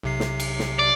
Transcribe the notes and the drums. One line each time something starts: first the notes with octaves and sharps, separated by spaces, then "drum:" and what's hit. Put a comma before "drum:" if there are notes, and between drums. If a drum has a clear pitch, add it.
B1 C3 C7
drum: snare
drum: cymbal
drum: snare
D5